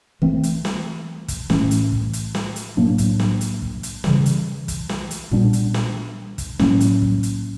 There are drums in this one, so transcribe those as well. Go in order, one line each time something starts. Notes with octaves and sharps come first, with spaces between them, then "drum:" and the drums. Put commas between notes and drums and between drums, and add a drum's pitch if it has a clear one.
E3 A3 C4, drum: kick
drum: hi-hat
drum: snare
drum: kick, hi-hat
A2 E3 A3 C#4, drum: snare
drum: hi-hat
drum: kick
drum: hi-hat
drum: snare
drum: hi-hat
A2 F#3 A#3 D4
drum: kick, hi-hat
drum: snare
drum: hi-hat
drum: kick
drum: hi-hat
C#3 E3 G3, drum: snare
drum: hi-hat
drum: kick, hi-hat
drum: snare
drum: hi-hat
A#2 G3 B3 D4, drum: kick
drum: hi-hat
drum: snare
drum: kick, hi-hat
A2 F#3 A#3 C#4, drum: snare
drum: hi-hat
drum: kick
drum: hi-hat